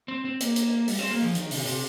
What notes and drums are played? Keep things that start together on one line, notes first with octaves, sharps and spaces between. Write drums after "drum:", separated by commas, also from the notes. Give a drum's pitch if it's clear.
C4
C4
A#3, drum: hi-hat
drum: hi-hat
G3, drum: open hi-hat
C4
A#3
F3
D#3, drum: hi-hat
C3, drum: open hi-hat
C3